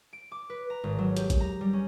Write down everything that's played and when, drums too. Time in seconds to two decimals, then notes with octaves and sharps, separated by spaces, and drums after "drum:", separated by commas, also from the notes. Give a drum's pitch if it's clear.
0.13 D7
0.32 D6
0.50 B4
0.70 A#5
0.84 G#1
0.99 F#3
1.17 G4, drum: hi-hat
1.30 drum: kick A1, hi-hat
1.40 A#5
1.61 G3
1.73 C#4